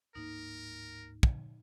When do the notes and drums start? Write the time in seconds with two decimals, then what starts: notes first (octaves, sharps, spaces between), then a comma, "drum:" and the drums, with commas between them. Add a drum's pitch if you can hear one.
0.15 D1 G#2 A#3 D#4 A#4
1.23 drum: kick